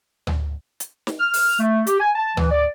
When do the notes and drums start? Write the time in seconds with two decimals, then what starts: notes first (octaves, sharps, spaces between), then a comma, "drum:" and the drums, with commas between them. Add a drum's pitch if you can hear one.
0.27 drum: tom D2
0.80 drum: hi-hat
1.07 drum: snare
1.20 F6
1.33 drum: open hi-hat
1.59 A3
1.87 G4, drum: hi-hat
2.00 G#5
2.15 A5
2.37 E3, drum: tom D2
2.50 D5